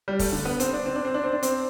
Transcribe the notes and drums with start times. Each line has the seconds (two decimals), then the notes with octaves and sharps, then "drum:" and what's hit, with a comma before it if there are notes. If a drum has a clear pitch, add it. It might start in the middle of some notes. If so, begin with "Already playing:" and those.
0.08 G3
0.19 A3, drum: kick, open hi-hat
0.32 D3
0.45 B3
0.60 C4, drum: hi-hat
0.73 D4
0.86 C4
0.96 D4
1.05 C4
1.14 D4
1.24 C4
1.33 D4
1.43 C4, drum: hi-hat